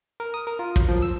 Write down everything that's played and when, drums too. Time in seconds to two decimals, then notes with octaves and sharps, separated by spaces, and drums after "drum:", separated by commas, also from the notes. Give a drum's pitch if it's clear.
0.20 A#4
0.34 D#6
0.47 A#4
0.59 F4
0.76 F#3, drum: kick
0.88 F3
1.02 E6